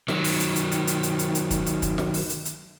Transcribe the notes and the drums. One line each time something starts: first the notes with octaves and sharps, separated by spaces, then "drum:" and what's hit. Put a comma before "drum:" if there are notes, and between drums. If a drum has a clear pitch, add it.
D#3 F#3, drum: snare
drum: open hi-hat
drum: hi-hat
drum: hi-hat
drum: hi-hat
drum: hi-hat
drum: hi-hat
drum: hi-hat
drum: hi-hat
drum: kick, hi-hat
drum: hi-hat
drum: kick, hi-hat
drum: snare
drum: open hi-hat
drum: hi-hat
drum: hi-hat